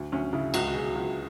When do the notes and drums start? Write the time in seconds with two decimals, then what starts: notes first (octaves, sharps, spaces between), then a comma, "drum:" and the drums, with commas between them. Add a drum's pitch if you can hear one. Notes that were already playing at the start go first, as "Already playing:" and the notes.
Already playing: D2
0.12 D2 C#4
0.33 C#3 E4
0.54 C#2 F#4, drum: cymbal
0.67 F#4
0.74 B2 G#4
0.95 C#2 F#4